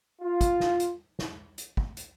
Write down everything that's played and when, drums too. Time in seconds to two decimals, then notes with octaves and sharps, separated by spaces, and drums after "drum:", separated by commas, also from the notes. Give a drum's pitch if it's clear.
0.21 F4
0.41 drum: kick, hi-hat
0.60 drum: snare
0.80 drum: hi-hat
1.19 drum: snare
1.58 drum: hi-hat
1.77 drum: kick
1.97 drum: hi-hat